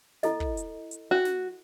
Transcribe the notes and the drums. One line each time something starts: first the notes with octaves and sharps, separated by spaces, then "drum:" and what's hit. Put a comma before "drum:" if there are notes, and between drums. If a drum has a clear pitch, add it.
E4 A4 D#5, drum: snare
drum: kick
drum: hi-hat
drum: hi-hat
F#4
drum: snare